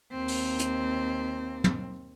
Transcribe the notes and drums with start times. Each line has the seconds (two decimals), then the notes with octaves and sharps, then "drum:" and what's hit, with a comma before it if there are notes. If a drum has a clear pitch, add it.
0.12 D#2 C4
0.28 drum: open hi-hat
0.59 drum: hi-hat
1.64 drum: tom